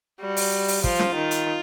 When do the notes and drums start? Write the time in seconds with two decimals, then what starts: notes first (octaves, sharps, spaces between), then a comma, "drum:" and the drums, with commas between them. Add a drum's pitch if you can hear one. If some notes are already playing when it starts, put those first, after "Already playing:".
0.21 G3 F#4
0.37 drum: open hi-hat
0.68 drum: open hi-hat
0.84 F3 F4, drum: kick
0.99 drum: snare
1.15 D#3
1.31 drum: hi-hat